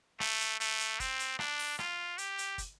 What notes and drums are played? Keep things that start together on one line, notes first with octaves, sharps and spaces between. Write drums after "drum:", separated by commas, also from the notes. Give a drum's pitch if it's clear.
A3, drum: rim click
drum: hi-hat
A3, drum: hi-hat
drum: hi-hat
C4, drum: kick, hi-hat
drum: hi-hat
D4, drum: rim click
drum: open hi-hat
F4, drum: rim click
G4, drum: hi-hat
drum: hi-hat
drum: kick, hi-hat